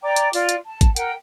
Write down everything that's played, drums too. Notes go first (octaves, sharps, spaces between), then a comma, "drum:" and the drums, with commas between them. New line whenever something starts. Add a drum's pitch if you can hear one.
D5 G5 A#5 D6
drum: hi-hat
F4 D5, drum: open hi-hat
drum: hi-hat
A5
drum: kick, hi-hat
A#4 F#5 G5, drum: hi-hat